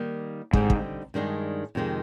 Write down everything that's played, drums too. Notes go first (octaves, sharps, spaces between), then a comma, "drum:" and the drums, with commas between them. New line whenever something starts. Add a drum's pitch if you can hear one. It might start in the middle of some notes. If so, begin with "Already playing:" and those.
Already playing: D#3 G3 A#3
G#2 D3 G3 C4 D#4, drum: kick
drum: kick
G2 D#3 G#3 D4 G#4
F2 C3 D#3 G#3